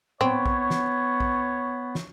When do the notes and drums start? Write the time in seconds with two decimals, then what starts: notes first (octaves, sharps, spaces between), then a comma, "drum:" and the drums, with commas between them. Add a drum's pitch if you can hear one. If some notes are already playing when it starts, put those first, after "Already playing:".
0.21 B3 C4 C#5, drum: tom A2
0.46 drum: kick A#1
0.71 drum: snare
1.20 drum: kick A#1
1.95 drum: snare